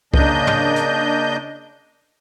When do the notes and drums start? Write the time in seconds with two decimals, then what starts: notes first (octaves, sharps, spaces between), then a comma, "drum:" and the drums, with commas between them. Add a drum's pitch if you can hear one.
0.14 C#3 A#3 D4 D#5 G6, drum: kick C2
0.47 drum: tom
0.76 drum: hi-hat